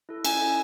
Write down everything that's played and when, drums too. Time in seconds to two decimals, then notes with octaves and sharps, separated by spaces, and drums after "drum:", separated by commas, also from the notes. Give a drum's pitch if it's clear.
0.09 E4 A4
0.25 C#4 G#5, drum: cymbal
0.41 E4 A4